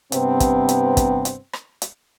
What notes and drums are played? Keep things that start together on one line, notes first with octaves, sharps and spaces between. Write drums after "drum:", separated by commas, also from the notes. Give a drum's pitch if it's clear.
G2 C3 B3 C4, drum: hi-hat
drum: kick, hi-hat
drum: hi-hat
drum: kick, hi-hat
drum: hi-hat
drum: rim click
drum: hi-hat